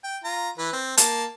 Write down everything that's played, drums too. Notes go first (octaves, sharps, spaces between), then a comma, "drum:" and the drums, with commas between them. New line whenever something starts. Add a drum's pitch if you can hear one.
G5
F4 A#5
E3 B4
C4
A#3 A5, drum: hi-hat